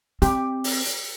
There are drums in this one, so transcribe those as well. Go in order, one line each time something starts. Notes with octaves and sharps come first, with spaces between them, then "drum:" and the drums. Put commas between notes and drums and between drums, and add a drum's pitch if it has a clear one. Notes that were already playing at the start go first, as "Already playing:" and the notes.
C4 G4, drum: hi-hat
drum: open hi-hat
drum: hi-hat